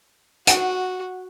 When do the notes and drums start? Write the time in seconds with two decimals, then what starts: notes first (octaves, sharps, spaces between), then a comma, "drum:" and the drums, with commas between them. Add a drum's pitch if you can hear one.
0.47 F#4 F#5, drum: hi-hat